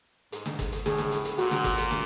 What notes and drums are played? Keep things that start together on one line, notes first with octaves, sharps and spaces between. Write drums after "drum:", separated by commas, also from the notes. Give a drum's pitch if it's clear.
G#2, drum: hi-hat
drum: snare
drum: kick, hi-hat
drum: hi-hat
A2 G#4, drum: snare
drum: snare
drum: hi-hat
drum: hi-hat
A#2 F#4, drum: hi-hat
drum: snare
drum: kick, hi-hat
drum: hi-hat
drum: snare